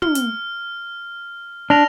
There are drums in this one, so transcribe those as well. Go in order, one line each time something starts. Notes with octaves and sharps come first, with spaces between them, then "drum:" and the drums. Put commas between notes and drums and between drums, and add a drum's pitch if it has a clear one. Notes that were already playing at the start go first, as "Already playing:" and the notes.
F6, drum: tom
drum: hi-hat
D4 F6 A#6 F7